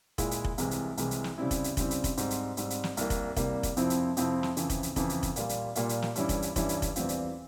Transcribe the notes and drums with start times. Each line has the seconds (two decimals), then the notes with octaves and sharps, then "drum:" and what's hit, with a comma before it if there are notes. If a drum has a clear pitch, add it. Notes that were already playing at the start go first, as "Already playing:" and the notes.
0.18 A#2 G#3 E4, drum: kick F1, hi-hat
0.31 drum: hi-hat
0.44 drum: kick F1
0.58 C2 C3 E3 G#3, drum: hi-hat
0.71 drum: hi-hat
0.97 C2 C3 E3 G#3, drum: hi-hat
1.11 drum: hi-hat
1.24 drum: snare
1.38 C#3 G3 C4 E4
1.51 drum: kick F1, hi-hat
1.64 drum: hi-hat
1.77 C#3 G3 C4 E4, drum: kick F1, hi-hat
1.91 drum: hi-hat
2.04 drum: kick F1, hi-hat
2.17 G#2 G3 C4, drum: hi-hat
2.30 drum: hi-hat
2.57 G#2 G3 C4, drum: hi-hat
2.70 drum: hi-hat
2.84 drum: snare
2.97 C2 C3 G3 A#3, drum: hi-hat
3.10 drum: kick F1, hi-hat
3.36 C2 C3 G3 A#3, drum: kick F1, hi-hat
3.63 drum: kick F1, hi-hat
3.77 F2 C3 F3 C4 E4, drum: hi-hat
3.90 drum: hi-hat
4.17 F2 C3 F3 C4 E4, drum: hi-hat
4.43 drum: snare
4.57 F2 C#3 E3, drum: hi-hat
4.70 drum: kick F1, hi-hat
4.83 drum: hi-hat
4.96 F2 C#3 E3, drum: kick F1, hi-hat
5.09 drum: hi-hat
5.23 drum: kick F1, hi-hat
5.36 A#2 G3 A#3 F4, drum: hi-hat
5.49 drum: hi-hat
5.75 A#2 G3 A#3 F4, drum: hi-hat
5.89 drum: hi-hat
6.02 drum: snare
6.15 G2 E3 G3 C#4 E4, drum: hi-hat
6.29 drum: kick F1, hi-hat
6.42 drum: hi-hat
6.56 G2 E3 G3 C#4 E4, drum: kick F1, hi-hat
6.69 drum: hi-hat
6.82 drum: kick F1, hi-hat
6.96 E2 E3 G3 C4 F4, drum: hi-hat
7.09 drum: hi-hat